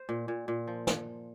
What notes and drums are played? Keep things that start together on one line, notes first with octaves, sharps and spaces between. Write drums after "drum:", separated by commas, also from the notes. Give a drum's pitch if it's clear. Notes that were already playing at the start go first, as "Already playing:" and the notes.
Already playing: C5
A#2
A#2
A#2
F3
drum: snare